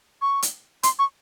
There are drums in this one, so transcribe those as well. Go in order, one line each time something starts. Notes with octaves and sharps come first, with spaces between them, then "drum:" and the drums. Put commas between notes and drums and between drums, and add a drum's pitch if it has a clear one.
C#6
drum: hi-hat
C6, drum: hi-hat
C#6